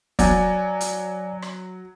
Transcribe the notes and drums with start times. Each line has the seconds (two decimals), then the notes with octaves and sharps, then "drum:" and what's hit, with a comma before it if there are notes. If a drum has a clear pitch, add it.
0.19 F#3 D5 G#5, drum: kick, hi-hat
0.81 drum: hi-hat
1.42 drum: rim click